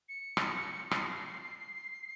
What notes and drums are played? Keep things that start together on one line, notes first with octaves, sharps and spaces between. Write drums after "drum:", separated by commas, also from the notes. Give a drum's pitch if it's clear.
C#7
drum: rim click
C7, drum: rim click